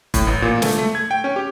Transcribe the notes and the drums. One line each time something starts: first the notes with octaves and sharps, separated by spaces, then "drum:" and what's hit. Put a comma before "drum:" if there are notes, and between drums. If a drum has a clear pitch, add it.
A2, drum: kick, hi-hat
A1
A#2
A3, drum: snare
A3
G#6
G5
C#4
G4